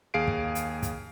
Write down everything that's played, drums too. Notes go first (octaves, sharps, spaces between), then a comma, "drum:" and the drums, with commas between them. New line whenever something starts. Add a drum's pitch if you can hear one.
D#2 G#4 F5 C7 D7
drum: kick
drum: hi-hat
drum: kick, hi-hat